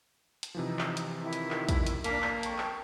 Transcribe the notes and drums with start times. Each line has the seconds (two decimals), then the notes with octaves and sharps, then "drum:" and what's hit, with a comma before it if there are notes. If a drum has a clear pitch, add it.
0.43 drum: hi-hat
0.55 C3 E3 F3 D#4
0.79 drum: clap
0.97 drum: hi-hat
1.23 D#3 E4
1.33 drum: hi-hat
1.51 drum: clap
1.69 drum: kick, hi-hat
1.86 drum: hi-hat
2.04 A#3 D4 A#4 B6, drum: hi-hat
2.22 drum: clap
2.43 F2 G5 A5 C#6, drum: hi-hat
2.58 drum: clap